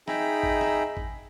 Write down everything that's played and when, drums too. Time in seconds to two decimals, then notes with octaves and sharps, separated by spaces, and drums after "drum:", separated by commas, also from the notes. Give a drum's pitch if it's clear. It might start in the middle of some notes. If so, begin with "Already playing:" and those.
0.08 D#4 G#4 E5 G5 A#5 B5, drum: snare
0.43 drum: kick G#1
0.61 drum: snare
0.97 drum: kick G#1